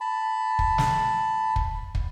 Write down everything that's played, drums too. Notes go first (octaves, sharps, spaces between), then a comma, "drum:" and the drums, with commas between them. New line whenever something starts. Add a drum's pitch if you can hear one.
A5 B5
drum: kick
drum: snare
drum: kick
drum: kick